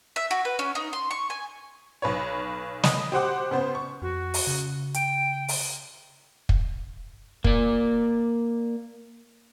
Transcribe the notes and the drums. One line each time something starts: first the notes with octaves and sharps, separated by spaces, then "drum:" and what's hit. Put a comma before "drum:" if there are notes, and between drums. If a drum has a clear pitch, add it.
E5
F#4
B4
C#4
D#4
C6
C#6
G#5
B1 B4 C#5
D#5 B5, drum: snare
G4 C5 F#5 D6
C#3 B3 C5
C#6
F2 F#4
drum: open hi-hat
C#3
G5, drum: hi-hat
drum: open hi-hat
drum: kick
A#3 D5, drum: kick